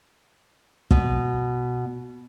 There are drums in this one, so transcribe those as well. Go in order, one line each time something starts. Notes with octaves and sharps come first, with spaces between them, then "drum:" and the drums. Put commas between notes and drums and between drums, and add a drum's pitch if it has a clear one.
B2, drum: kick